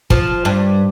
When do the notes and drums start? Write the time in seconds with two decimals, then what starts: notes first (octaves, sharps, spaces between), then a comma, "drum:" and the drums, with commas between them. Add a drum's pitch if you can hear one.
0.10 F3, drum: kick
0.45 G2